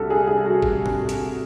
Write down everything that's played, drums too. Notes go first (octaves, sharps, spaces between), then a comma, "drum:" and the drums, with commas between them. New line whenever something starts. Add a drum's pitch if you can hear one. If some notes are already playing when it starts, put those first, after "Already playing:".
Already playing: C2 C3 A4
G#4
G#4
F#4
drum: kick G1
drum: tom G#2
drum: hi-hat